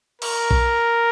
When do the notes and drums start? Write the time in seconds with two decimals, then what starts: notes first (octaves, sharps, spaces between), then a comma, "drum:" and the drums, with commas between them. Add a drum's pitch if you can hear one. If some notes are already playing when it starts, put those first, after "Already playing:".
0.22 A#4, drum: cymbal
0.51 drum: kick B1